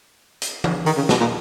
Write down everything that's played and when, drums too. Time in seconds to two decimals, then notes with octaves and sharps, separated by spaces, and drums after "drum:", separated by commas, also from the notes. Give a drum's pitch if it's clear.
0.42 drum: hi-hat
0.64 drum: tom E3
0.86 D#3, drum: open hi-hat
0.97 C#3
1.09 B2, drum: snare
1.20 A#2